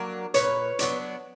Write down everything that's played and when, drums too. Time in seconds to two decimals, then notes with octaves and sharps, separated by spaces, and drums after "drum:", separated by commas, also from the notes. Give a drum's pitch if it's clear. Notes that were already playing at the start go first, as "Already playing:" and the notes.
Already playing: F#3 A#3 D4
0.34 A#2 B4 C#5, drum: hi-hat
0.79 F#3 B3 D4, drum: hi-hat